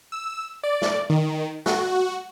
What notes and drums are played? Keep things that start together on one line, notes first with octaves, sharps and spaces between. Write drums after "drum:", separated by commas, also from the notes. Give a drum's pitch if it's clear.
E6
D5
drum: snare
D#3
F#4, drum: snare